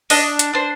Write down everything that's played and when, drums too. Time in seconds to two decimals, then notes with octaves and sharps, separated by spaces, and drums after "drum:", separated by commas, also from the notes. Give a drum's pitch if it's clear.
0.10 D4 D#5, drum: open hi-hat
0.39 drum: hi-hat
0.53 D4 C5